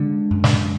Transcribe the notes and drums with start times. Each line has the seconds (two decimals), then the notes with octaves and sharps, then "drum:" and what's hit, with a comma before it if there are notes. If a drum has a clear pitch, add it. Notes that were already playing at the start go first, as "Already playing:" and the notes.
Already playing: D3 G#3
0.31 F#2
0.44 drum: snare